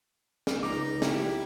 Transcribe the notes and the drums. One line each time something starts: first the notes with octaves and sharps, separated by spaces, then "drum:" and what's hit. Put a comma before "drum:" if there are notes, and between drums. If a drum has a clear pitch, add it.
drum: snare
C#2 D#4 A#5 D6
E4 G4, drum: snare